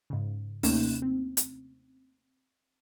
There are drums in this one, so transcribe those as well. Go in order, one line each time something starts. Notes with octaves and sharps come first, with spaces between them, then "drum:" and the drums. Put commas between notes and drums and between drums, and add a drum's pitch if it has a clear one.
G#2 C#3
D#2 C3 A3 A#3 C#4 D#4, drum: open hi-hat
C4
drum: hi-hat